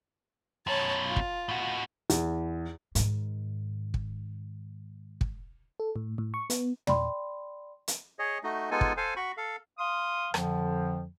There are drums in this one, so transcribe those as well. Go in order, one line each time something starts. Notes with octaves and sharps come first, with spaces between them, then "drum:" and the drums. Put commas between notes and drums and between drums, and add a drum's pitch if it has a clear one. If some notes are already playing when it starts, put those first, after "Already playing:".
F#2 B2 C#5 A5
F4
drum: kick
A2 F#4
E2, drum: hi-hat
G#2 D#3, drum: hi-hat
drum: kick
drum: kick
A4
A2
A2
C#6
B3, drum: hi-hat
D5 G5 B5 C6, drum: tom
drum: hi-hat
G#4 C#5 D#5
A3 D#4 F#4 D#5
G#3 B3 D#4 F4 A4 G#5
drum: kick
A4 C5 F5 G#5
F#4 B5 C#6
A4 F5
F5 C6 D#6
F2 D3 F3, drum: rim click